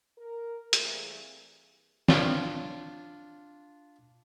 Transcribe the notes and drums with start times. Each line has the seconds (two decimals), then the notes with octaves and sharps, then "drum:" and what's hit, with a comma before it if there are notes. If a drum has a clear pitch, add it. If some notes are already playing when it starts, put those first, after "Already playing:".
0.17 A#4
0.73 E3 G3 A3 A#3 C4 G#4, drum: hi-hat
2.09 D4 F4, drum: snare